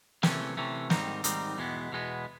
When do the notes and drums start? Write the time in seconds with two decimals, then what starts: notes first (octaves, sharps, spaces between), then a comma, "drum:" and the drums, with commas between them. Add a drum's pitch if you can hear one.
0.23 C3 E3 A3 C#4, drum: snare
0.57 C3 E3 A3 C#4
0.90 G#2 D#3 G3 C4 D#4, drum: snare
1.24 G#2 D#3 G3 C4 D#4, drum: hi-hat
1.58 E2 B2 G#3 B3
1.92 E2 B2 G#3 B3